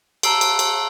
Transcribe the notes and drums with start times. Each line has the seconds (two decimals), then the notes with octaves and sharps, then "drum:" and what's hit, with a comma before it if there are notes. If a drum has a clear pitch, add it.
0.23 A5 A#5 E6 C7 D7 G7, drum: cymbal
0.41 drum: cymbal
0.59 drum: cymbal